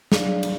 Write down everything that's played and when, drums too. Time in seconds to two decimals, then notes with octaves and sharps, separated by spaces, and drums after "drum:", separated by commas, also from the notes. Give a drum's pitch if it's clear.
0.12 F#3 D4 G#4 D5 F5, drum: snare
0.43 drum: cymbal